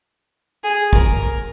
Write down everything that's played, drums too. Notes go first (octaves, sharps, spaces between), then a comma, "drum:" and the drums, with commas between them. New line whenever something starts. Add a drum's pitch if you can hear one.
G#4
A#4, drum: kick